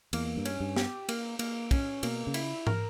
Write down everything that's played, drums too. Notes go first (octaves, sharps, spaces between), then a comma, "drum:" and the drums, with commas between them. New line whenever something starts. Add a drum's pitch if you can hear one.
E2 A#3, drum: cymbal
G2
C#4, drum: cymbal
G2
G4, drum: snare
A#3, drum: cymbal
A#3, drum: cymbal
C#4, drum: kick, cymbal
B2 A#3, drum: cymbal
C#3
E4, drum: cymbal
A#4, drum: tom G#2